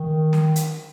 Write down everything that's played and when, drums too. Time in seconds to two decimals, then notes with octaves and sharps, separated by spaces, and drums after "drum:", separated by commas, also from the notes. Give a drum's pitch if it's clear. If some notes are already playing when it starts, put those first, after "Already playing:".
Already playing: D#3
0.33 drum: snare
0.56 drum: hi-hat